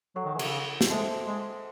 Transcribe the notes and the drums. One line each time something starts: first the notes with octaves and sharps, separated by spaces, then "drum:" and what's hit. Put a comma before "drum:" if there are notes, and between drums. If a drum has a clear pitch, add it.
F#3 A4 C#5 F#5 C#6
D#3
E3
C3, drum: cymbal
C#3
drum: snare
G#3 A4 C5 E5 A5 C6
G#3